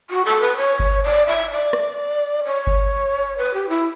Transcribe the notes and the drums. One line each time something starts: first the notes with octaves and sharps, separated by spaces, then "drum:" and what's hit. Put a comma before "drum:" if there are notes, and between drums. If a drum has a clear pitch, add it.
F#4
A4
B4
C#5
drum: kick G1
D5
E5
D5
drum: rim click
C#5
drum: kick G1
B4
G4
E4